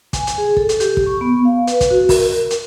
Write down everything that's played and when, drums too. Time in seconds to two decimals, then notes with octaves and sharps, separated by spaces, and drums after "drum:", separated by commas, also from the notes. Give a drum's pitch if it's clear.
0.13 G#5, drum: kick, hi-hat
0.27 drum: hi-hat
0.38 G#4
0.57 A4, drum: kick
0.69 drum: hi-hat
0.80 G4, drum: hi-hat
0.97 drum: kick
1.06 C#6
1.21 B3
1.45 F5
1.67 B4, drum: hi-hat
1.81 drum: kick, hi-hat
1.90 F#4
2.09 A#4, drum: kick, open hi-hat
2.31 A#4
2.50 drum: hi-hat